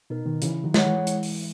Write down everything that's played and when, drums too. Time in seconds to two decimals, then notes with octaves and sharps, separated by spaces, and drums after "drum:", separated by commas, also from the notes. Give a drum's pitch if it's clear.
0.10 B2 D#4 A#4
0.26 B2 D#3
0.42 C#3 E3 E4, drum: hi-hat
0.64 D#3 F#3
0.74 G#4 C#5 F#5, drum: snare
0.85 E3 G#3
1.07 E4, drum: hi-hat
1.23 drum: open hi-hat